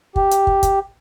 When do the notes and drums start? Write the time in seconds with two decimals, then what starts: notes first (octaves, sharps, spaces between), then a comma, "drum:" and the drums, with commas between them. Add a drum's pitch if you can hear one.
0.16 G4, drum: kick
0.31 drum: hi-hat
0.47 drum: kick
0.63 drum: kick, hi-hat